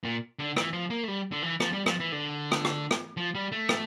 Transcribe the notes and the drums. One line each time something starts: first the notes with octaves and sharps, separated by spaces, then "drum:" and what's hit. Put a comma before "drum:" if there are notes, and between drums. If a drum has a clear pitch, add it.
A#2
D3
E3, drum: rim click
F3
A#3
A3
G3
D3
E3
F3, drum: rim click
G3
F3, drum: rim click
E3
D3
drum: rim click
drum: rim click
drum: rim click
F3
G3
A3
drum: rim click